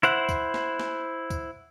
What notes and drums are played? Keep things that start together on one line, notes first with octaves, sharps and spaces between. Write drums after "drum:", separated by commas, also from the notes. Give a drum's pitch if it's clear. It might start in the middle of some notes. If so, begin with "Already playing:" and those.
E4 C5 F#5, drum: tambourine
drum: kick, tambourine
drum: snare
drum: snare
drum: kick, tambourine